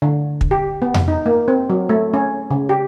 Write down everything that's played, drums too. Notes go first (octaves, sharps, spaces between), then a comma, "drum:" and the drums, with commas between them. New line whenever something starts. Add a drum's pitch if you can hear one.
D3
drum: kick
G4
B3
drum: tom F2
D#4
A#3
C4
F#3
A3
C#4
C#3
G4